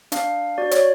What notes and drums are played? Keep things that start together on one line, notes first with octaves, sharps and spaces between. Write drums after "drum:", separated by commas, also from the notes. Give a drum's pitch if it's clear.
D4 F5, drum: hi-hat
F#4 D5
C#5, drum: hi-hat